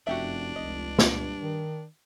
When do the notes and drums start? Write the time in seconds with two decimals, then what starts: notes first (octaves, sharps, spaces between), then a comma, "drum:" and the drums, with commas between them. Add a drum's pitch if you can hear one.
0.07 F1 F#2 D4 F#4 G4 E5
0.56 F1 C#2 D#5
0.99 G2, drum: snare
1.40 D#3